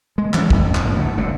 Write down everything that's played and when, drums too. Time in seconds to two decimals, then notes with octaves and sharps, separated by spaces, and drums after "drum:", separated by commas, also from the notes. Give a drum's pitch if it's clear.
0.18 G#3
0.34 E3 F3 G#3 C#4, drum: clap
0.50 A1 F2, drum: kick
0.75 drum: clap
0.85 F#1 G#2
0.96 D2 A2 A3
1.17 F#1 C#2 F#2 D3